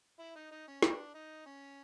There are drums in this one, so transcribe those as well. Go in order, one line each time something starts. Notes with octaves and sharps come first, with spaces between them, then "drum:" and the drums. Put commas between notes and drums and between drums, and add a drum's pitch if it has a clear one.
E4
D#4
D#4
C#4
D4, drum: snare
D#4
C#4